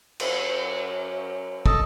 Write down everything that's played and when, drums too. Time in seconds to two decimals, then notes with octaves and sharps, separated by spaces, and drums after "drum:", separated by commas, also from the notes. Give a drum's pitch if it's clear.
0.20 F#2, drum: cymbal
1.66 A4 D#5 A5, drum: kick